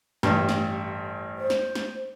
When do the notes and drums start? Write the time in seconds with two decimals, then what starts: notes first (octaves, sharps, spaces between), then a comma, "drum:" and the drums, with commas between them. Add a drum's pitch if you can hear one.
0.23 A1 G2, drum: snare
0.49 drum: snare
1.38 C5
1.50 drum: snare
1.75 drum: snare